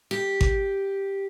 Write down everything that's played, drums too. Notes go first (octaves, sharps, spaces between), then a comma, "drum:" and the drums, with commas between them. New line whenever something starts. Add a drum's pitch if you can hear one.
G4
drum: kick G#1